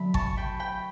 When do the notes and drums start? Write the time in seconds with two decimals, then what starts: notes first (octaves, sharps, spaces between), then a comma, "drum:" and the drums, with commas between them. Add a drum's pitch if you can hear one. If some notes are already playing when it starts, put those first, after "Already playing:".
Already playing: D3 F#3 A3 B5
0.14 A5 C#6, drum: kick G#1
0.37 G5 B5
0.59 G5 B5